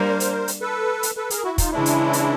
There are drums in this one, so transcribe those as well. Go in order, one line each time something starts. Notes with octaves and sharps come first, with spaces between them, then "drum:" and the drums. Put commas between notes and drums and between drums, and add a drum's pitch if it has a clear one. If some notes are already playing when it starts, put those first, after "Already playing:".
Already playing: G3 A#3 D4 A#4 C5
drum: hi-hat
drum: hi-hat
A4 B4
drum: hi-hat
A4 B4
G#4 A#4, drum: hi-hat
E4 F#4
D#4 F4, drum: kick, hi-hat
C#3 E3 G#3 C#4 D4 E4
drum: hi-hat
drum: hi-hat